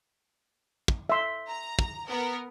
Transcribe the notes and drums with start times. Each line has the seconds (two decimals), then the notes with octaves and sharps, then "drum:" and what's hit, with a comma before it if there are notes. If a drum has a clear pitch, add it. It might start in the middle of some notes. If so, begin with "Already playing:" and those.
0.88 drum: kick
1.09 E5 C6
1.49 A#5
1.79 drum: kick
2.09 B3 A#4